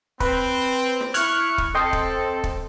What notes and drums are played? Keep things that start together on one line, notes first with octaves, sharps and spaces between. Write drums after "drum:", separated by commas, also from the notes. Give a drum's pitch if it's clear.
C4 B4, drum: kick
drum: snare
E4 C#6 F6 F#6 G#6, drum: hi-hat
drum: kick
C4 A4 D#5 G5 C6
drum: kick
drum: kick